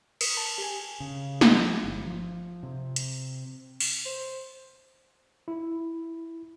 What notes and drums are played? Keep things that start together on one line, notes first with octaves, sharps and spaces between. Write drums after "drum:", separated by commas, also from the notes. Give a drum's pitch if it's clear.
A#4 D#6 B6 C#7, drum: cymbal
A5
G4 G#5
C#3
drum: snare
F3
G1
F3
C3
drum: hi-hat
drum: open hi-hat
C5
E4